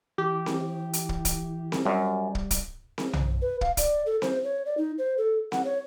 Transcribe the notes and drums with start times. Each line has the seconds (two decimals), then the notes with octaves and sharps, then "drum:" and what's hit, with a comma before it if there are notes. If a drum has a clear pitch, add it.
0.18 E3 G4
0.46 drum: snare C4
0.93 drum: hi-hat
1.09 drum: kick
1.25 drum: kick, hi-hat
1.72 drum: snare C4
1.85 F#2 G3 D5
2.35 drum: kick
2.51 drum: kick, hi-hat
2.98 drum: snare C4
3.13 drum: tom B1
3.42 B4
3.61 F5, drum: kick
3.77 D5, drum: kick, hi-hat
4.06 A4
4.22 C5, drum: snare C4
4.44 C#5
4.65 D5
4.77 D#4
4.98 C5
5.18 A4
5.52 F#5, drum: snare C4
5.65 C#5